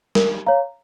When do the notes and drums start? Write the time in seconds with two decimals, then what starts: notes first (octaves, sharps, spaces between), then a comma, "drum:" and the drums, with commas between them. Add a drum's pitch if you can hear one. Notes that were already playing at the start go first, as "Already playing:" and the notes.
0.15 A#4, drum: snare
0.47 C#5 F5 A#5